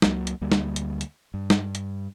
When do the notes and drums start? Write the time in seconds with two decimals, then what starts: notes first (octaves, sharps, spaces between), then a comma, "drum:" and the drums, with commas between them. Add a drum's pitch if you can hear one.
0.02 C#2 F#3 A#3, drum: snare
0.27 drum: hi-hat
0.41 D2 G3 A#3
0.52 drum: snare
0.76 drum: hi-hat
1.01 drum: hi-hat
1.34 G2
1.50 drum: snare
1.75 drum: hi-hat